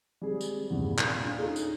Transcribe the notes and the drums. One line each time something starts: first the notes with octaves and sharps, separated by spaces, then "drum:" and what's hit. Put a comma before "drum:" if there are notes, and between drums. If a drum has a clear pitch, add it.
G3 G#3 C4 G#4
drum: tambourine
E2 G2 C3
A#2
drum: clap
D4 F4
C#4 D#4 G#4 A4
drum: tambourine